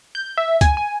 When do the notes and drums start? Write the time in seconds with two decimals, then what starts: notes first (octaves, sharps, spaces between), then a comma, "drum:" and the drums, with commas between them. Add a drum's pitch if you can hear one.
0.15 G6
0.38 E5
0.61 G#5, drum: kick, hi-hat
0.77 G#5